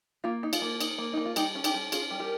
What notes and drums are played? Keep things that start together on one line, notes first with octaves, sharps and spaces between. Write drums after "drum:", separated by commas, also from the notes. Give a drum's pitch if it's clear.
A#3 F4
D#4
F4, drum: cymbal
A#3
D#4, drum: cymbal
A#3
A#3 D#4
F4
G3 D#4 G4, drum: cymbal
C#4
D#4 G4, drum: cymbal
G3
C#4 F4 G#4, drum: cymbal
G3
G4 A#4